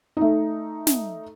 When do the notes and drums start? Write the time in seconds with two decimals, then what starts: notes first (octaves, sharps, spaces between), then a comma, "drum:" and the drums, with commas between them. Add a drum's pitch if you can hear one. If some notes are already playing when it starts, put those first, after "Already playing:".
0.17 A3 D#4
0.87 drum: snare